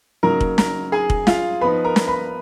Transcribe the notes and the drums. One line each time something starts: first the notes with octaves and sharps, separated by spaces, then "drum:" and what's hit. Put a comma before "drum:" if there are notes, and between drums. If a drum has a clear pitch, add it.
C#3 F#3 A#3 D#4 A#4 A#5
drum: kick
A#4 A#5, drum: snare
G#4 G#5
drum: kick
F4 F5, drum: snare
F3 B3 D#4 B4 B5
A#4 A#5
drum: snare
B4 B5